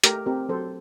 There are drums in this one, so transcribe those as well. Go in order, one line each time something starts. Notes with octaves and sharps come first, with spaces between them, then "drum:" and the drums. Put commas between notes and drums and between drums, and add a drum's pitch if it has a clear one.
A3 G4 A#4, drum: hi-hat
C4 G4 A#4
F#3 A4 C5